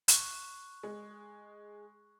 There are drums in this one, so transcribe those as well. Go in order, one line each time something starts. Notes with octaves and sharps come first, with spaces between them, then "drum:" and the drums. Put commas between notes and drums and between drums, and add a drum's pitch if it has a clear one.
C#6 F#6, drum: hi-hat
G#3